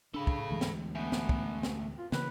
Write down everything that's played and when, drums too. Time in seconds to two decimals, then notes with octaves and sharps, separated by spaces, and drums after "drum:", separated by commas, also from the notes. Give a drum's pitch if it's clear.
0.14 C#3 D4 A4 B5
0.27 drum: kick
0.51 D2 E3 G#3
0.61 drum: snare
0.95 A3 B3 C#4
1.12 drum: snare
1.29 drum: kick
1.63 drum: snare
1.99 F4
2.12 C#3 E3 A#3 B4, drum: snare